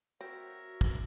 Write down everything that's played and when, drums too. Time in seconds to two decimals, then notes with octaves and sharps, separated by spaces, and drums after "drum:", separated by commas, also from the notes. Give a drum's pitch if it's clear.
0.21 C4 F#4 A#4 C#5 E5 A#6
0.81 drum: kick